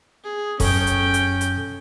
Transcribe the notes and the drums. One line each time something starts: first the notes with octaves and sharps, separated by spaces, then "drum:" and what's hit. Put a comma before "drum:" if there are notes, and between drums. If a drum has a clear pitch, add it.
G#4
F#2 C#4 A4 G5 D#6, drum: kick F1, open hi-hat
drum: hi-hat
drum: hi-hat
drum: hi-hat